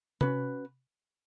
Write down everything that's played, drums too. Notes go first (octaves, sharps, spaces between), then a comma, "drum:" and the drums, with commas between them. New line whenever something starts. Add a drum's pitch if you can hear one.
C#4 F#4 B4, drum: tom C3